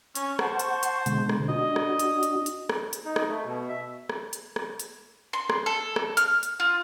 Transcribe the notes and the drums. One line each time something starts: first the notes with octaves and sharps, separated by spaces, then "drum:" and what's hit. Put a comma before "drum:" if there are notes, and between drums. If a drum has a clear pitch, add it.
C#4 G#6, drum: hi-hat
C5 F#5 A5 C#6, drum: rim click
drum: hi-hat
drum: hi-hat
B2 D3 G#3, drum: hi-hat
drum: rim click
D4 F#4 D#5
drum: rim click
drum: hi-hat
drum: hi-hat
drum: hi-hat
drum: rim click
drum: hi-hat
D#4
drum: rim click
A3
B2
E5
drum: rim click
drum: hi-hat
drum: rim click
drum: hi-hat
C6
drum: rim click
A4
drum: rim click
F6, drum: hi-hat
drum: hi-hat
F4